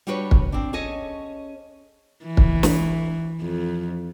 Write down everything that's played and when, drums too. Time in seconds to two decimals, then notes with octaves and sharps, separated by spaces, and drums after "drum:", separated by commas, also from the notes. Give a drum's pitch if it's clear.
0.07 G3 D4 F#4 G4 B4 C#5
0.31 drum: kick
0.52 C4 D4
0.73 C#4 G#4 A4 C#5 D#5
2.25 E3
2.37 drum: kick
2.63 drum: snare
3.40 F2